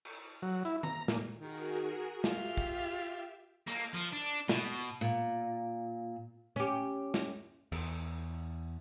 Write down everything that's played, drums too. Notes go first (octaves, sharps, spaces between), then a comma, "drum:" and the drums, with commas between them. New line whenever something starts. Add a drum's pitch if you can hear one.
drum: cymbal
F#3
E4, drum: hi-hat
A#5, drum: tom D#3
A#2, drum: snare
D#3 F#4 G#4 A#4
F4 G4 E5, drum: snare
drum: kick
A#3, drum: cymbal
F3, drum: hi-hat
D4
B2, drum: snare
A#2
C#4 G4
drum: snare
E2, drum: cymbal